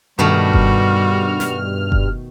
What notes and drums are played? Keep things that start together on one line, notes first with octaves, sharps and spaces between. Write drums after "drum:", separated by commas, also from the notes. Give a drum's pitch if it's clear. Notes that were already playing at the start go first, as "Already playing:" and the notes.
G2 B2 D#3 G3 A3 F#4 F6
drum: kick F#1
drum: snare
drum: kick F#1